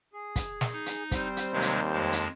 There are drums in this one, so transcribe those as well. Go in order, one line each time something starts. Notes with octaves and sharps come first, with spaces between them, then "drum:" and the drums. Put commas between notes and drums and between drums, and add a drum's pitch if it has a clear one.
G#4
drum: kick, hi-hat
drum: snare
D#4
drum: hi-hat
G3 C4 C5, drum: kick, hi-hat
drum: hi-hat
D#2 C3 F#3 G#3
drum: hi-hat
F2 G#3 A5
drum: hi-hat